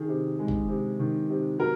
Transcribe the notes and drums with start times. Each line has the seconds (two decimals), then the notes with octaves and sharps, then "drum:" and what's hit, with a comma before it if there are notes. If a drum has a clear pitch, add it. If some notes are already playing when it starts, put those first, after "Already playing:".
Already playing: D#3 G#4
0.08 C3
0.39 G#3
0.48 drum: kick
0.69 C3
0.99 D#3
1.30 C3
1.59 F#3 A#4